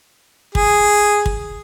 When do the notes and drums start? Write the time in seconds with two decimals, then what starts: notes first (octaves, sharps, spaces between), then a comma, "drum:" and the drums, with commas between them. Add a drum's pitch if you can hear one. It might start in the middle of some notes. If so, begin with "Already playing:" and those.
0.55 G#4, drum: kick
1.26 drum: kick